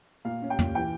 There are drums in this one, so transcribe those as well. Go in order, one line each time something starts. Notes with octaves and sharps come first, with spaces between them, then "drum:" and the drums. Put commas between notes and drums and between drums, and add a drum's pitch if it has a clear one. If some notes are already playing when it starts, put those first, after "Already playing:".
A#2 F5
C#4
G5
A#2, drum: tom
E3 G5